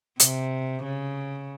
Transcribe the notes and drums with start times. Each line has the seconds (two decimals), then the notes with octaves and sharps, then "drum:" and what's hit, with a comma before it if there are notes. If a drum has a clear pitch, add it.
0.20 C3, drum: hi-hat
0.83 C#3